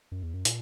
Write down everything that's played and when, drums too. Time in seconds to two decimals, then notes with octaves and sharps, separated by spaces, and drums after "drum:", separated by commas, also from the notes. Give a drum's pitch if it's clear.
0.12 F#2
0.22 E2
0.33 F#2
0.45 A#2, drum: hi-hat